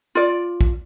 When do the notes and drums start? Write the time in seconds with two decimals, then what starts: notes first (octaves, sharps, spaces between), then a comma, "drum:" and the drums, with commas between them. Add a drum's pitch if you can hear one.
0.15 F4 D5
0.61 drum: kick